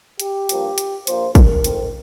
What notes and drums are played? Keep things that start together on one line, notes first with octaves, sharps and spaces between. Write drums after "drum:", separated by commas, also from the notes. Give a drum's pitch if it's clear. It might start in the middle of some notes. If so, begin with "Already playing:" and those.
G4, drum: hi-hat
G2 F3 A#3, drum: hi-hat
drum: hi-hat
A#1 A#2 A#3 C5, drum: hi-hat
A#4, drum: kick, hi-hat
F2 D#3 C4, drum: hi-hat